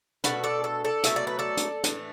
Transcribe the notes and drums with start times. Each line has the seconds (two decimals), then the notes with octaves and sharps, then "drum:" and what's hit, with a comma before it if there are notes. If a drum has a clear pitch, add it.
0.24 B2 A3 D4 F#4 B4, drum: hi-hat
0.44 A4 D5
0.64 A4
0.85 A4 D5
1.03 B2 F#3 A3 E5, drum: hi-hat
1.16 D5
1.27 B4
1.39 A4 D5
1.57 drum: hi-hat
1.84 A2 E3 A3 D4, drum: hi-hat